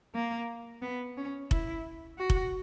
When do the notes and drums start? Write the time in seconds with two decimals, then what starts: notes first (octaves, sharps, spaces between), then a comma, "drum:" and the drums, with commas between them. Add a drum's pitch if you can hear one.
0.15 A#3
0.82 B3
1.17 C#4
1.51 E4, drum: kick F1
2.18 F#4
2.30 drum: kick F1